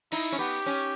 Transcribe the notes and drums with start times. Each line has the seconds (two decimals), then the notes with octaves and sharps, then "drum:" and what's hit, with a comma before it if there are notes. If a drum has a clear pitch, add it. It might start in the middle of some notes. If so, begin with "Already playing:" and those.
0.12 D#4 E4, drum: cymbal
0.32 C#4
0.39 B3 G4
0.66 C#4